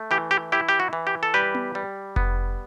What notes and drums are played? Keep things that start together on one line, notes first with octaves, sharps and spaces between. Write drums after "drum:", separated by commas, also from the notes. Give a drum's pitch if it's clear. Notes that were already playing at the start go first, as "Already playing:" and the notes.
Already playing: A3
E3 G4
G4
E4 G4
G4
F#4
E3
G4
A4
G3 G4 B4
drum: tom B3
G3
B3, drum: kick F1